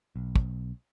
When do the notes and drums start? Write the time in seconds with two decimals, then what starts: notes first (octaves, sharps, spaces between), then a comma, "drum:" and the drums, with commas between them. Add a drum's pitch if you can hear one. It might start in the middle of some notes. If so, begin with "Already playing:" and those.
0.16 B1
0.35 drum: kick